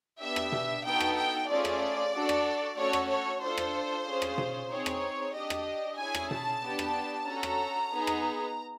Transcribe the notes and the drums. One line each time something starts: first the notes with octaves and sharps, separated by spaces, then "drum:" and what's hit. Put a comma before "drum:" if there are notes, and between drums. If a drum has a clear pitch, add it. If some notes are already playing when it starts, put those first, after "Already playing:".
B3 D4 G4 E5
drum: rim click
drum: tom B2
B3 D#4 F#4 A4 G5
drum: rim click
G5
A3 C#4 F4 G#4 D5
drum: rim click
D4 F#4 A4
drum: rim click
A3 C#4 F#4 A4 C#5
drum: rim click
C#5
D4 F4 A4 C5
drum: rim click
C#4 F4 G#4
drum: rim click
drum: tom B2
C4 D#4 G#4 C#5
drum: rim click
D4 G4 D#5
drum: rim click
C#4 E4 G#4 G#5
drum: rim click
A5, drum: tom B2
B3 D4 G4
drum: rim click
C#4 F#4 A4 A#5
drum: rim click
B3 D#4 G#4
drum: rim click